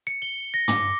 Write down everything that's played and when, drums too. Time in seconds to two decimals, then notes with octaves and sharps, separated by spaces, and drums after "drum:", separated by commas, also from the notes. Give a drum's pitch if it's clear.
0.07 C#7
0.22 G7
0.54 A#6
0.68 D6, drum: tom